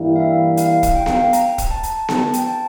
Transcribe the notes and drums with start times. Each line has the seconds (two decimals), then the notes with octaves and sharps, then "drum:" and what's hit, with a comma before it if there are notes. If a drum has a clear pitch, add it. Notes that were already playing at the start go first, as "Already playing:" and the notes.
Already playing: G2 E3 G3 A#3 E4
0.16 F5
0.20 E5
0.57 F5, drum: hi-hat
0.83 drum: kick, hi-hat
0.95 G5
1.06 F5, drum: snare B3
1.17 G5
1.33 A#5, drum: hi-hat
1.58 drum: kick, hi-hat
1.71 A5
1.83 drum: hi-hat
2.09 A5, drum: snare B3
2.33 G5, drum: hi-hat
2.47 A5